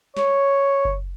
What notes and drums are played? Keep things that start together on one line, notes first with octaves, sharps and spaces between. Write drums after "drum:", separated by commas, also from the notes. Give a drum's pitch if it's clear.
C#5, drum: snare
drum: kick F#1